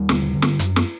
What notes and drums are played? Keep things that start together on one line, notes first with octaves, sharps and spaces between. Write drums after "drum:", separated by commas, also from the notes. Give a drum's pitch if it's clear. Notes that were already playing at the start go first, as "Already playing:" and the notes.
Already playing: D#2 G3
D3, drum: snare
D3
drum: snare
F#2, drum: hi-hat
drum: snare